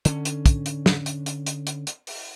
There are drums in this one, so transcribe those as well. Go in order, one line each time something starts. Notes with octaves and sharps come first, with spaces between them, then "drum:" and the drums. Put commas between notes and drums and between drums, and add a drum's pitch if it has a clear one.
D3 C#4, drum: hi-hat
drum: hi-hat
drum: kick, hi-hat
drum: hi-hat
drum: snare
drum: hi-hat
drum: hi-hat
drum: hi-hat
drum: hi-hat
drum: hi-hat
drum: open hi-hat